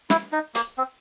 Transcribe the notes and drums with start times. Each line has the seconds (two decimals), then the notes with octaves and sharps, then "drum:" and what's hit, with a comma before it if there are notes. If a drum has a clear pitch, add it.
0.10 E4, drum: snare
0.32 D#4
0.55 A#3, drum: hi-hat
0.78 C4